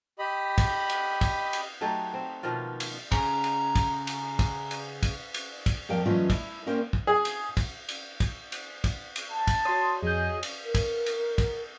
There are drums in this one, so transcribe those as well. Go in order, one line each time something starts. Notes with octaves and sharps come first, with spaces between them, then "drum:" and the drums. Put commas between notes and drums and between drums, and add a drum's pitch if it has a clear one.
G4 D#5 B5
drum: kick, cymbal
drum: cymbal
drum: kick, cymbal
drum: cymbal
F#3 A3 D#4 G4
C4
B2 D#3 F3 F4
drum: cymbal
C#3 C#4 A#5, drum: kick, cymbal
drum: cymbal
drum: kick, cymbal
drum: cymbal
drum: kick, cymbal
drum: cymbal
drum: kick, cymbal
drum: cymbal
drum: kick, cymbal
F2 A#4 F5 G5
F#2 E3 A3 C#4 F4 D#5
E4, drum: kick, cymbal
A#3 C#4 A#4 C5 G5
drum: kick
G#4
drum: cymbal
drum: kick, cymbal
drum: cymbal
drum: kick, cymbal
drum: cymbal
drum: kick, cymbal
drum: cymbal
A5
drum: kick, cymbal
F#4 C#5 C6 D#6
F2 G#4 D#5 G6
drum: cymbal
A#4
drum: kick, cymbal
drum: cymbal
drum: kick, cymbal